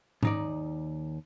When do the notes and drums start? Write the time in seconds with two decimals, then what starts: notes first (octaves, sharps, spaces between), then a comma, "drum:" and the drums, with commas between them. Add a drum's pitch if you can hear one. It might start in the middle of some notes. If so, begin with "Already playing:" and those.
0.23 D#2 D#4 D5, drum: tom G#2